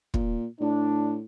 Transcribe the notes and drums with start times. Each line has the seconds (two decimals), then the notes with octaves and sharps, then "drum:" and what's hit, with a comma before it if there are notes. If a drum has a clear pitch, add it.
0.14 A#2, drum: kick
0.60 A2 D4